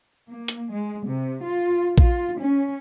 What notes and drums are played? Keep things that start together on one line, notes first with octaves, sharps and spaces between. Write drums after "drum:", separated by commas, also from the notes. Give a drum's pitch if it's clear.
A#3
drum: hi-hat
G#3
C3
F4
F4, drum: kick A#1
C#4